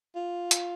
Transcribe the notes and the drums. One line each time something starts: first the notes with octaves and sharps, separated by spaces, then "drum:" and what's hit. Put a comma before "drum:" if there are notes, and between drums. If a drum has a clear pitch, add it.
F4
drum: hi-hat